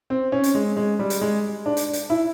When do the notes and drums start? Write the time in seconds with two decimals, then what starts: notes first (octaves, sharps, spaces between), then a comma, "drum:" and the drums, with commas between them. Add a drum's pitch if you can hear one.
0.10 C4
0.32 C#4
0.44 drum: hi-hat
0.55 G#3
0.77 G#3
0.99 G3
1.10 drum: hi-hat
1.21 G#3
1.66 D4
1.77 drum: hi-hat
1.93 drum: hi-hat
2.10 E4